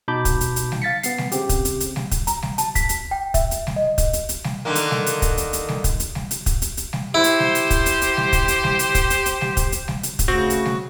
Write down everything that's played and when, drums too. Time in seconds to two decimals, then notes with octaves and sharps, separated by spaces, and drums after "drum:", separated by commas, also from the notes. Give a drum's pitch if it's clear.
0.08 B2 D#4 A5 B5 D6 G6
0.25 drum: kick, hi-hat
0.41 drum: hi-hat
0.56 drum: hi-hat
0.72 drum: snare G3
0.82 F5 A6 B6 C#7
1.03 B3 C7, drum: hi-hat
1.18 drum: snare G3
1.32 C#3 C4 G4, drum: hi-hat
1.49 drum: kick, hi-hat
1.65 drum: hi-hat
1.80 drum: hi-hat
1.96 drum: snare G3
2.11 drum: kick, hi-hat
2.27 A#5, drum: hi-hat
2.42 drum: snare G3
2.58 A5, drum: hi-hat
2.75 B6, drum: kick, hi-hat
2.89 drum: hi-hat
3.11 G5
3.34 E5, drum: kick, hi-hat
3.51 drum: hi-hat
3.67 drum: snare G3
3.76 D#5
3.98 drum: kick, hi-hat
4.13 drum: hi-hat
4.29 drum: hi-hat
4.44 drum: snare G3
4.65 D3 D#3 A#3
4.75 drum: hi-hat
4.91 drum: snare G3
5.06 drum: hi-hat
5.22 drum: kick, hi-hat
5.38 drum: hi-hat
5.53 drum: hi-hat
5.69 drum: snare G3
5.84 drum: kick, hi-hat
6.00 drum: hi-hat
6.15 drum: snare G3
6.31 drum: hi-hat
6.46 drum: kick, hi-hat
6.62 drum: hi-hat
6.77 drum: hi-hat
6.93 drum: snare G3
7.14 E4 G4 C5
7.24 drum: hi-hat
7.39 drum: snare G3
7.55 drum: hi-hat
7.70 drum: kick, hi-hat
7.86 drum: hi-hat
8.01 drum: hi-hat
8.17 drum: snare G3
8.33 drum: kick, hi-hat
8.48 drum: hi-hat
8.64 drum: snare G3
8.79 drum: hi-hat
8.95 drum: kick, hi-hat
9.10 drum: hi-hat
9.26 drum: hi-hat
9.41 drum: snare G3
9.57 drum: kick, hi-hat
9.72 drum: hi-hat
9.88 drum: snare G3
10.03 drum: hi-hat
10.19 drum: kick, hi-hat
10.28 C#3 A3 C4 F#4
10.50 drum: hi-hat
10.65 drum: snare G3